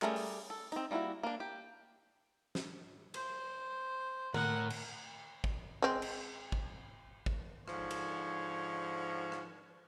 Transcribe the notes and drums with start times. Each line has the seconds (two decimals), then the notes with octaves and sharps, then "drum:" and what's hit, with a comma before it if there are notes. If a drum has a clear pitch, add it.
0.02 G3 A3 C#4 G#4 A#4, drum: clap
0.16 drum: open hi-hat
0.50 A4
0.72 C4 D#4, drum: hi-hat
0.91 G3 A#3 C#4 E4 F#4
1.23 A#3 D4
1.40 G4
2.55 drum: snare
3.14 C5, drum: cymbal
4.34 A2 A#4 F#5, drum: tom D3
4.70 drum: cymbal
5.44 drum: kick
5.82 G#3 C4
6.02 drum: cymbal
6.52 drum: kick
7.26 drum: kick
7.68 G#2 D3 F3 C#5, drum: rim click
7.91 drum: cymbal
9.32 drum: rim click